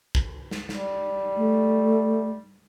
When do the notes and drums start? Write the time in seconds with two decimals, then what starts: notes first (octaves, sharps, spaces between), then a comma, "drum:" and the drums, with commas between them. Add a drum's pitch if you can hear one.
0.15 drum: kick
0.51 drum: snare
0.69 G3, drum: snare
1.37 A3